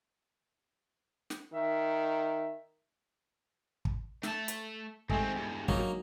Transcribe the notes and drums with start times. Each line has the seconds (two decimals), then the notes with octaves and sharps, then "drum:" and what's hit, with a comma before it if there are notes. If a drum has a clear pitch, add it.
1.30 drum: snare
1.53 D#3 E5
3.85 drum: kick
4.23 A3 A5, drum: snare
4.48 drum: hi-hat
5.09 D#2 G#3 A3 C4 G#4, drum: kick
5.35 E2 G2
5.68 F#3 A#3 D#4, drum: kick